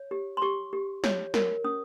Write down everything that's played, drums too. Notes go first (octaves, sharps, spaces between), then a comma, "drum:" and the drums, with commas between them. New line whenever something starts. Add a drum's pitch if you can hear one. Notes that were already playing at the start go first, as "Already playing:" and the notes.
Already playing: C#5
G4
C6
G4 C#6
G4
C#5, drum: snare
A#4, drum: snare
C#4 D#6